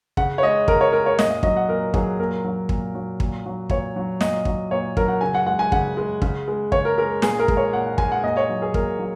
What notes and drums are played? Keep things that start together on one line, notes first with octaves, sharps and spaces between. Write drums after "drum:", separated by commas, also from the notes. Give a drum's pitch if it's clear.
C#3 F#5, drum: kick
C#5
G#3 D#5
C#3 A#4, drum: kick
C#5
G#3 A#4
C#5
A#2 D#5, drum: snare
D#5
F#3 D#5, drum: kick
F#5
A#2 A#4
F#3 G#4, drum: kick
A#2 A#4
F#3
A#2, drum: kick
F#3
A#2, drum: kick
F#3
A#2 C#5, drum: kick
F#3
A#2 D#5, drum: snare
F#3, drum: kick
A#2 C#5
F#3 A#4, drum: kick
F#5
C#3 G#5
F#5
G#3 F#5
G#5
C#3 F#5, drum: kick
G#3
C#3, drum: kick
G#3
C#3 C#5, drum: kick
A#4
G#3 A#4
A#2 G#4, drum: snare
A#4
G#3, drum: kick
C#5
A#2 F#5
F#5
G#3 G#5, drum: kick
F#5
A#2 D#5
C#5
F#3
G#4
A#2 A#4, drum: kick
F#3